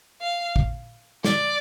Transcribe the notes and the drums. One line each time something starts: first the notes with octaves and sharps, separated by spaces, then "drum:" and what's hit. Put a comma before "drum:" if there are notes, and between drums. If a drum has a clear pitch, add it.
F5
drum: kick
D5, drum: snare